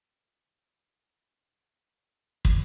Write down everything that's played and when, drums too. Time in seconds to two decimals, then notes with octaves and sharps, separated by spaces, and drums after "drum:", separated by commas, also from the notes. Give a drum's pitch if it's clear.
0.19 D6 F6
2.45 drum: kick